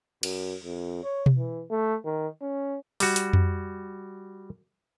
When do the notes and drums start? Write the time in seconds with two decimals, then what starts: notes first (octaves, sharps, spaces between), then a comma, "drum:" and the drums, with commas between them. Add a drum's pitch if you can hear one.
0.23 F#2, drum: cymbal
0.64 F2
1.03 C#5
1.26 drum: tom B2
1.36 E3
1.70 A3
2.05 D#3
2.42 C#4
3.00 G3 F#4, drum: open hi-hat
3.16 drum: hi-hat
3.33 drum: tom F2